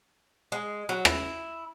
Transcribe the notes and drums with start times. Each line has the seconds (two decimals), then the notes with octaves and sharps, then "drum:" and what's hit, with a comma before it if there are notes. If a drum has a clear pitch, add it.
0.52 G#3
0.89 F#3
1.05 E4, drum: rim click